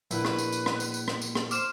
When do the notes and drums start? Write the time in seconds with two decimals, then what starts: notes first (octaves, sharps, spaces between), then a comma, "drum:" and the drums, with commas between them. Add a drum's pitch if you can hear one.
0.11 A#1 E4 B4, drum: tambourine
0.25 drum: rim click
0.39 drum: tambourine
0.52 drum: tambourine
0.66 drum: rim click
0.80 drum: tambourine
0.94 drum: tambourine
1.08 drum: rim click
1.22 drum: tambourine
1.35 drum: rim click
1.51 C5 D6 F6 E7, drum: tambourine